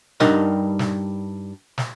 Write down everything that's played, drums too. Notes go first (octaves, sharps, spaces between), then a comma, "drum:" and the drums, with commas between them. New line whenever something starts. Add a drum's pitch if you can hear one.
G2 G3 D4 D#4 A#4 F#5, drum: snare
drum: snare
drum: snare